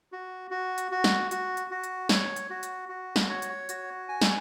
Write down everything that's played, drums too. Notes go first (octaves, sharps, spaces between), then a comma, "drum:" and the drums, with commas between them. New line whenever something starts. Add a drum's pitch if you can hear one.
F#4
F#4
drum: hi-hat
F#4
drum: snare
F#4, drum: hi-hat
drum: hi-hat
F#4
drum: hi-hat
C#5, drum: snare
drum: hi-hat
F#4
drum: hi-hat
F#4
drum: snare
C#5
drum: hi-hat
F#4, drum: hi-hat
G#5
drum: snare